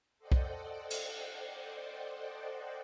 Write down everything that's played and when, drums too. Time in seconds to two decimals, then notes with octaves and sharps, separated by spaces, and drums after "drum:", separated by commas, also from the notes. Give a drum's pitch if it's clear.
0.19 A4 C5 D5 D#5 F#5 G5
0.32 drum: kick B1
0.90 drum: cymbal